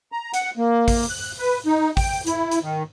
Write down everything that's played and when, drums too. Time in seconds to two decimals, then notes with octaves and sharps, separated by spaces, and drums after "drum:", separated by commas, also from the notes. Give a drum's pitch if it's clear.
0.12 A#5
0.34 F#5, drum: hi-hat
0.57 A#3
0.88 drum: kick, open hi-hat
1.10 F#6
1.39 B4
1.66 D#4
1.97 G5, drum: kick, open hi-hat
2.27 E4, drum: hi-hat
2.51 drum: hi-hat
2.62 D#3